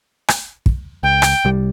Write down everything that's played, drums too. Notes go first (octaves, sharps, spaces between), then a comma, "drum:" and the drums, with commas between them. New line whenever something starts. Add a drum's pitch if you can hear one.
drum: rim click
drum: kick
C#2 G5
drum: rim click
C2 G3